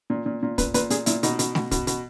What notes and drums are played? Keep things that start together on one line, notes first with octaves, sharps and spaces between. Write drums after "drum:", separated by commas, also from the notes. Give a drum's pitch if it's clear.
A#2
A#2
A#2
A#2 B4, drum: kick, hi-hat
A#2 B4, drum: hi-hat
A#2 G#4, drum: hi-hat
A#2 E4, drum: hi-hat
B2 D#4, drum: hi-hat
B2, drum: hi-hat
B2, drum: snare A3
B2, drum: kick, hi-hat
B2, drum: hi-hat